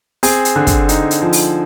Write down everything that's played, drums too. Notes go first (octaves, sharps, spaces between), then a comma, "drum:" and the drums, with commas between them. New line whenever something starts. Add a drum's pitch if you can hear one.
C4 G#4 G#5, drum: open hi-hat
drum: hi-hat
D3
drum: kick, hi-hat
D#4, drum: hi-hat
drum: hi-hat
F3
drum: open hi-hat